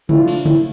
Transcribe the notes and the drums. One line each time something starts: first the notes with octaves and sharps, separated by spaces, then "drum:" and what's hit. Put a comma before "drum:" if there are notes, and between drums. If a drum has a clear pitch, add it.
A2 F3 A3 D4 F4, drum: tom C#3
drum: cymbal
A2, drum: tom C#3